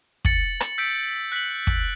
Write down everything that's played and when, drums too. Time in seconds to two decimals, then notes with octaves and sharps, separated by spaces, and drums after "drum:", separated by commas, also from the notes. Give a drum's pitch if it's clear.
0.25 A6 C#7 F#7, drum: kick
0.60 drum: rim click
0.78 E6 G6 B6 D7
1.32 F#6 B6 F#7
1.67 drum: kick